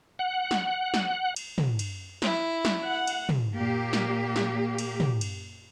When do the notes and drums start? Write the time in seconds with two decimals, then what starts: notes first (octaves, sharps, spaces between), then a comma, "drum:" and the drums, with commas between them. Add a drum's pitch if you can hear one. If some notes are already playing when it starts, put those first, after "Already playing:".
0.19 F#5
0.51 drum: snare
0.94 drum: snare
1.36 drum: cymbal
1.58 drum: tom
1.79 drum: cymbal
2.22 E4, drum: snare
2.65 drum: snare
2.84 F#5
3.07 drum: cymbal
3.29 drum: tom
3.58 A#2 A#3 G4
3.93 drum: snare
4.36 drum: snare
4.79 drum: cymbal
5.00 drum: tom
5.21 drum: cymbal